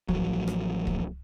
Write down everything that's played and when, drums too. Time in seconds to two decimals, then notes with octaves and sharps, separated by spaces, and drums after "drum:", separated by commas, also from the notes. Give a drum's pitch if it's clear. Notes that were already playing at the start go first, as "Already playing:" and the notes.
0.08 A1 F3 F#3, drum: kick
0.48 drum: rim click
0.87 drum: kick